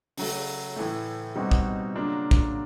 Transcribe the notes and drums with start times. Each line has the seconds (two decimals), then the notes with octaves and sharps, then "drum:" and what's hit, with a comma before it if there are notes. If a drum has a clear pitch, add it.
0.17 C#3 F#3 A3, drum: open hi-hat
0.76 A2 E3 A3
1.36 B2 G3 C4 D#4 F#4
1.51 drum: kick
1.95 C#3 F#3 A#3 D4 F4
2.31 drum: kick